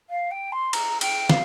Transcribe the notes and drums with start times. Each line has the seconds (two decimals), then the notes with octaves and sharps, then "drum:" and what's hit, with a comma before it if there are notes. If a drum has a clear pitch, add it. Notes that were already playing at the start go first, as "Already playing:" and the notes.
0.10 F5
0.31 G5
0.52 C6
0.73 A#5, drum: cymbal
1.01 G5, drum: cymbal
1.29 F5, drum: snare